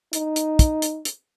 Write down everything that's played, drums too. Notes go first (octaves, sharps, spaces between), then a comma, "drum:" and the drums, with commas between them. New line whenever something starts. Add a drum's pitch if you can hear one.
D#4, drum: hi-hat
drum: hi-hat
drum: kick, hi-hat
drum: hi-hat
drum: hi-hat